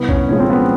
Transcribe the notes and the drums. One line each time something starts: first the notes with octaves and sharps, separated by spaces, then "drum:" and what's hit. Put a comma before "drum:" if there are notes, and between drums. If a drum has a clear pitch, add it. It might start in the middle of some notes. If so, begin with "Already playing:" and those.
Already playing: C2 B3
C#4, drum: kick A#1
A#2 F3 G#3 C#4
C4
B3